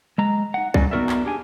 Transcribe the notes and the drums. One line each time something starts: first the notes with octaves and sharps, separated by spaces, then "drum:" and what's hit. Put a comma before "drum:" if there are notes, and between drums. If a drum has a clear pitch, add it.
G#3 A#5
D#4 F#5
F#3 G3 C#4 D#4 E4 D5, drum: kick C2
B3 D#4 F#4 A#4 D5 E5
drum: clap
D4 G4 G#4 G5 G#5